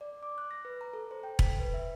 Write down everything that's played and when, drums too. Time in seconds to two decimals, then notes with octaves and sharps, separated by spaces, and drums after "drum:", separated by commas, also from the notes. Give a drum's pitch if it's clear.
0.01 D5
0.23 D6
0.38 F#6
0.51 A#6
0.65 B4
0.81 A#5
0.93 A4
1.11 C5
1.23 G5
1.39 B6, drum: kick E1
1.59 B4
1.74 E5